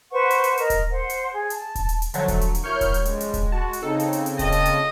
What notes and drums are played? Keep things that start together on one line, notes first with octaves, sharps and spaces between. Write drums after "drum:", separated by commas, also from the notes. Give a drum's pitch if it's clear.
B4 C5 F#5 C#6
drum: hi-hat
drum: hi-hat
A#4 D#5, drum: hi-hat
drum: kick D#1, hi-hat
C5 F#5
drum: hi-hat
G#4
A5, drum: hi-hat
drum: kick D#1, hi-hat
drum: hi-hat
drum: hi-hat
D3 F3 F#3 A3, drum: hi-hat
drum: kick D#1, hi-hat
drum: hi-hat
drum: hi-hat
F#3 E4 A#4 C#5 C#6 F6 G6
drum: kick D#1, hi-hat
drum: hi-hat
F3 G3 G#3 C#4, drum: hi-hat
drum: hi-hat
drum: kick D#1, hi-hat
F#4 A5
drum: hi-hat
C#3 C4 D#4 A4
drum: hi-hat
drum: hi-hat
drum: hi-hat
A#3 F4 D#5 A5, drum: kick D#1, hi-hat
drum: hi-hat
drum: hi-hat